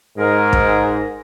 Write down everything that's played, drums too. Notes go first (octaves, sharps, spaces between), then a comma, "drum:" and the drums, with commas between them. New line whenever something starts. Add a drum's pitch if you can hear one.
G#2 G#4 A#4
drum: kick